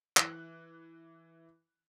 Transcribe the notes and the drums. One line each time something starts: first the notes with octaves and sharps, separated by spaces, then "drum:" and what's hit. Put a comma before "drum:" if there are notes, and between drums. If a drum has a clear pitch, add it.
E3 F#6, drum: clap